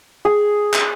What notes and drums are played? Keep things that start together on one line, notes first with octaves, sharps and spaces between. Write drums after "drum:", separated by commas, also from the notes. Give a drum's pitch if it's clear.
G#4
drum: clap